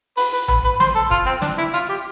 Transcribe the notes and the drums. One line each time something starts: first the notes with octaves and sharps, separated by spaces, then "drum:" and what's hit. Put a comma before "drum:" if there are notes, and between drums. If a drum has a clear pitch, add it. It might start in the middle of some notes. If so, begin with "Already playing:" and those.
B4, drum: open hi-hat
B4
B4, drum: tom A#1
B4
C5, drum: snare
A4
F4, drum: kick
C4
D4, drum: snare
E4
F4, drum: hi-hat
G4